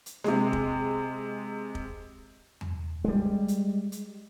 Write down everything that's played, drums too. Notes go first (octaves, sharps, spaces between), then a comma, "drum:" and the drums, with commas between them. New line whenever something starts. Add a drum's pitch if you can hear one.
drum: hi-hat
C3 G#3, drum: snare B3
drum: kick
drum: kick
drum: tom E2
G3 G#3
drum: hi-hat
drum: hi-hat